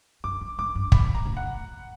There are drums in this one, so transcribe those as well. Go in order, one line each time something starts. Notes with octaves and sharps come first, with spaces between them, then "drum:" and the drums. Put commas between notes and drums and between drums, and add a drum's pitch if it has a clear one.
F#2 D6
F#2
G#2 D6
G2
B5, drum: kick
A#5
A2
F#5
A#2